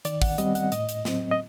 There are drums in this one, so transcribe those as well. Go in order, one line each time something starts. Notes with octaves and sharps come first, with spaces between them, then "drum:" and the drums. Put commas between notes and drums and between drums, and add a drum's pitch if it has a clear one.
D#3 D5, drum: hi-hat
F#5, drum: kick, open hi-hat
G3 C4 D#5, drum: hi-hat
F#5, drum: hi-hat
A2 D#5, drum: hi-hat
drum: hi-hat
F#3 C4, drum: snare
D#5